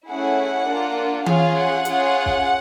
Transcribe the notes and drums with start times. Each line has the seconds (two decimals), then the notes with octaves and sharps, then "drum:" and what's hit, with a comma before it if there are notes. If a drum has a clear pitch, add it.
0.09 A3 C#4 E4 G#4 F#5
0.68 A#3 D4 F4
1.26 C#4 F4 G#4 F5, drum: tom E3
1.55 F#5
1.85 C#4 F4 G#4, drum: hi-hat
2.26 drum: kick